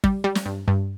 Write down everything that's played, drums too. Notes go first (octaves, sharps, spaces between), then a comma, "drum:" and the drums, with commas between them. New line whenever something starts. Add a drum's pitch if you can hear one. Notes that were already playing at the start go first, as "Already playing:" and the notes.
G3, drum: kick
G3
drum: snare
G2
G2